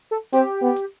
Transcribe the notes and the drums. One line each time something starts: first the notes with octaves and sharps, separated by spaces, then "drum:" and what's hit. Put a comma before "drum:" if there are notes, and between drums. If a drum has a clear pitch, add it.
A4
C4 G4, drum: hi-hat
B3
drum: hi-hat